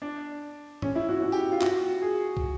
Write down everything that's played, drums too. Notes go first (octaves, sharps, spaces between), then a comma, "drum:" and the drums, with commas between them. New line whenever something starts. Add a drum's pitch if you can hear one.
D4
C#4, drum: tom G#2
E4
F#4
F#4
G4, drum: tambourine
F4
F#4, drum: clap
G#4
drum: kick